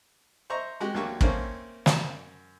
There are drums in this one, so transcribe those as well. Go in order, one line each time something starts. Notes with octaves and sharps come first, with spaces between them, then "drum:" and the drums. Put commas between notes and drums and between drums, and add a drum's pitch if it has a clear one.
C5 D#5 E5 A#5 C#6
G#3 F#4 G4
D2 F#3 A#3 G4 C#6
A3 A#3 C4 C#4, drum: kick
F#2, drum: snare